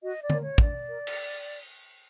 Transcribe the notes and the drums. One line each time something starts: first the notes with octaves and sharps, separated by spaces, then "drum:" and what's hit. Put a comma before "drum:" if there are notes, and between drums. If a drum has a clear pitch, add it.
F#4 D#5
D5
C#5, drum: tom D3
A#4
C#5
D4 D5, drum: kick
A#4
drum: cymbal